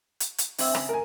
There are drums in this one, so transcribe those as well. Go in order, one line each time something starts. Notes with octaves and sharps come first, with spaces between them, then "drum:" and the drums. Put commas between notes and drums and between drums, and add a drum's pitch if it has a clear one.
drum: hi-hat
drum: hi-hat
G2 C4 E5, drum: open hi-hat
C#3, drum: rim click
A#4 G#5